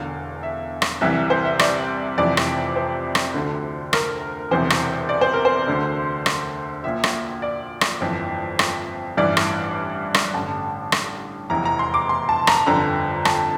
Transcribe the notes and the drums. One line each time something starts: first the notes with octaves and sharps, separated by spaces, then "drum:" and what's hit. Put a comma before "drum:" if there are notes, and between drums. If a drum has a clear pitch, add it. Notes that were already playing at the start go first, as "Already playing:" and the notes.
Already playing: E1 E2 D3 F5
E5
drum: rim click
C2 C3 E3 E5
C5
E5
D5, drum: rim click
F1 F2 C3 E3 D5
drum: rim click
C5
drum: rim click
D2 D3
A#4, drum: rim click
E1 E2 C3 E3 C5
drum: rim click
D5
C5
A#4
C5
D2 D3
drum: rim click
A#1 A#2 E5
drum: rim click
D5
drum: rim click
G1 F2 E3
drum: rim click
A1 G2 E3 D5
drum: rim click
drum: rim click
A1 G2 D3 A5
drum: rim click
F1 E2 E3 A#5
A#5
C6
D6
C6
A5
A#5, drum: rim click
G1 F2 D3 A#5
A5, drum: rim click